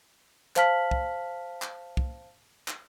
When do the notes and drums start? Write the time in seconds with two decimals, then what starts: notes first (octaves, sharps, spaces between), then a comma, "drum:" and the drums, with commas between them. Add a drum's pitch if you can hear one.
0.56 C5 F5 A5 F6 B6 F#7, drum: clap
0.91 drum: kick
1.62 drum: clap
1.97 drum: kick
2.68 drum: clap